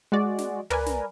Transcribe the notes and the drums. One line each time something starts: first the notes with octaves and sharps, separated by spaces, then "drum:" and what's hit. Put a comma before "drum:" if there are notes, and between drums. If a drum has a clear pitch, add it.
G#3 F#4 D5
drum: snare
A#4 B4 D5 G#5, drum: tom
drum: snare